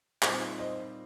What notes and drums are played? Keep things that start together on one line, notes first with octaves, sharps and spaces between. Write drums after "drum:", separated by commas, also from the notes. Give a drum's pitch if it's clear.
A#2 G3 C4 D#4 G#4 C5, drum: clap
C5 D#5